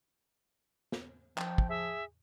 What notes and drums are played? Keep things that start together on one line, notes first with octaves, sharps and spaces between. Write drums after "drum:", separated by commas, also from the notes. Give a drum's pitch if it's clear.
drum: snare
F3 G5, drum: clap
drum: kick
G#4 E5